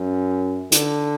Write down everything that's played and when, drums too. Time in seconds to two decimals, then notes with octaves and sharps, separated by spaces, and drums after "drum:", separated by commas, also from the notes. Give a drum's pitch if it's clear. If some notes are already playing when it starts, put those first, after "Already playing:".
Already playing: F#2
0.72 D3, drum: hi-hat